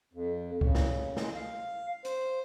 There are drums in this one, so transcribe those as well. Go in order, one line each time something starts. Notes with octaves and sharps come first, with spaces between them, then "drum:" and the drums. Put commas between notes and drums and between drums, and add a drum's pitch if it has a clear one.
F2
C#3, drum: kick C2
drum: snare
G#3, drum: snare
F5
C5, drum: hi-hat